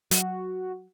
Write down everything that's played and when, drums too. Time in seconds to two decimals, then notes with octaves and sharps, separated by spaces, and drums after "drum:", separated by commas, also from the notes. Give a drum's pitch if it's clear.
0.11 F#3 F#4, drum: hi-hat